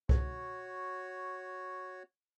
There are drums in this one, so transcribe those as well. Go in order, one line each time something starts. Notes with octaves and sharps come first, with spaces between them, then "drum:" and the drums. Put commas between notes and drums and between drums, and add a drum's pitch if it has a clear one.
F#4 C#5, drum: kick C2